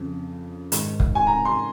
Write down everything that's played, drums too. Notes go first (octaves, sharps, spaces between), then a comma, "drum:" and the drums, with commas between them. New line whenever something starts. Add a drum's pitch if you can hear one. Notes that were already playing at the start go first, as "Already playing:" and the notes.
Already playing: F2 C#3
G#2 D#3, drum: hi-hat
drum: kick
G#5
A#5
C6